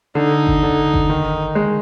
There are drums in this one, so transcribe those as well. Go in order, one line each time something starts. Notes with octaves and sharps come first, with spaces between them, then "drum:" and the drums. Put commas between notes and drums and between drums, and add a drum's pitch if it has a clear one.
D3 D#4
drum: kick G1
D3
drum: kick G1
D#3
G#3